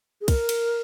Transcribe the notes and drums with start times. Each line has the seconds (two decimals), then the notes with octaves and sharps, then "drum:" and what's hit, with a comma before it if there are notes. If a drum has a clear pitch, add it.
0.21 G#4
0.28 A#4, drum: kick, cymbal
0.49 drum: cymbal